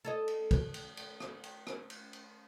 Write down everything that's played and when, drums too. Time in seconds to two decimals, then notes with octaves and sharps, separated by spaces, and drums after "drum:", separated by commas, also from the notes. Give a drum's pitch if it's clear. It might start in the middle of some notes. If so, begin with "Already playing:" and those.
0.05 A4 C#5 D#5
0.28 drum: cymbal
0.51 drum: kick, cymbal
0.74 drum: cymbal
0.97 drum: cymbal
1.20 drum: rim click
1.44 drum: cymbal
1.67 drum: rim click
1.90 drum: cymbal
2.13 drum: cymbal